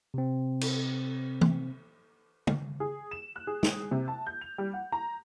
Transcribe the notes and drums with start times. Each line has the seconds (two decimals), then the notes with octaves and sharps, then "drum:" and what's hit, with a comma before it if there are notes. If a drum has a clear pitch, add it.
0.14 C3 C4
0.61 drum: cymbal
1.41 drum: tom E3
2.47 drum: tom
2.80 G#4
3.11 E7
3.36 F#6
3.47 G#4
3.63 drum: snare
3.91 C3
4.08 A5
4.26 G6
4.41 F7
4.58 G3
4.73 F#5
4.92 A#5